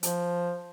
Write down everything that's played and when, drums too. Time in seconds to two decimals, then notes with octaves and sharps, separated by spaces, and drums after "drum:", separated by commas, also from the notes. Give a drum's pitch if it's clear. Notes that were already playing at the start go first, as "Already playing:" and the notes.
0.03 F3, drum: hi-hat